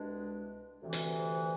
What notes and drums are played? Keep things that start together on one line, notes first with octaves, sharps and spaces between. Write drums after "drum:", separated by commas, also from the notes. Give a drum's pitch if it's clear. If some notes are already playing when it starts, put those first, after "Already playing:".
Already playing: C2 B2 G#3 D4
D2 C3 E3
drum: hi-hat